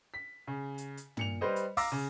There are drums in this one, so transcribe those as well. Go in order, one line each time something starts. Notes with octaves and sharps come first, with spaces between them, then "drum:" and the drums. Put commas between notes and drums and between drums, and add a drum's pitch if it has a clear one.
B6
C#3
drum: hi-hat
drum: hi-hat
A#2 C#7 F7, drum: tom
G3 B4 C5 D#5
drum: hi-hat
F5 A#5 D6 E6 A#6, drum: kick, open hi-hat
C#3